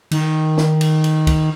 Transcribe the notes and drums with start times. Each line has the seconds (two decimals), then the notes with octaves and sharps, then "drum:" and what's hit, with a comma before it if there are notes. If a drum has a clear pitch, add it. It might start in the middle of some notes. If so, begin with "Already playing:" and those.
0.11 D#3, drum: cymbal
0.58 drum: snare
0.81 drum: cymbal
1.04 drum: cymbal
1.27 drum: kick, cymbal